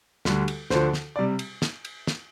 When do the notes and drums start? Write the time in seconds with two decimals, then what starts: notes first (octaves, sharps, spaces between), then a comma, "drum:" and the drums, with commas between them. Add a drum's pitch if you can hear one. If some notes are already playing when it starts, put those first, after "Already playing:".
0.25 D2 D3 G3, drum: snare
0.48 drum: cymbal
0.70 D2 D3 F3 C5, drum: snare
0.93 drum: snare
1.16 D5
1.18 C3 G3
1.39 drum: cymbal
1.62 drum: snare
1.85 drum: cymbal
2.07 drum: snare